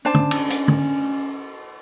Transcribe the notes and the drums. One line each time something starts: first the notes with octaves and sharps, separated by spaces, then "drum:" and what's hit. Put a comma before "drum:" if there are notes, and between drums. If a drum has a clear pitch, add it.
C#4 D4 C5 A5
drum: tom
drum: cymbal
drum: hi-hat
drum: tom